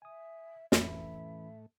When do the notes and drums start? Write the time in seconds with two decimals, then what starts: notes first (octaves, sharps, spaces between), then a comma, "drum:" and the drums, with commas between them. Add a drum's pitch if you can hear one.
0.02 E5 G#5 D#6
0.72 F2 A2 E3 A3 C#4 E5 B5, drum: snare